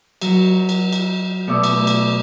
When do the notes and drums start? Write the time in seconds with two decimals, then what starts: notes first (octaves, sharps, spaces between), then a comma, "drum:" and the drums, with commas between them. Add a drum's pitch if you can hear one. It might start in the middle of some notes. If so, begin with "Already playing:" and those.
0.21 F#3, drum: cymbal
0.69 drum: cymbal
0.93 drum: cymbal
1.47 B2 A3 D5 E5 D6
1.64 drum: cymbal
1.87 drum: cymbal